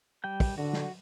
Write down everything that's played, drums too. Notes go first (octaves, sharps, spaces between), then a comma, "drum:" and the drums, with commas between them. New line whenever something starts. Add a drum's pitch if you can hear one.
G3 G5 G6
drum: kick, open hi-hat
D3 F#4
drum: snare